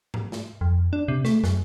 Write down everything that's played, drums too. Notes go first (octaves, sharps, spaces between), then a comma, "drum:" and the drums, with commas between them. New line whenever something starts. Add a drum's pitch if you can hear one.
drum: tom G#2
drum: snare
F2
D4
C3
A3, drum: snare
F#2, drum: snare